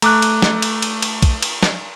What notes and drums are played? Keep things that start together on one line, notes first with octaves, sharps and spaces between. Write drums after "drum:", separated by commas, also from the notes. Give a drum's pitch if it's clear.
A3 A#5 D6 F#6, drum: cymbal
drum: cymbal
drum: snare
drum: cymbal
drum: cymbal
drum: cymbal
drum: kick, cymbal
drum: cymbal
drum: snare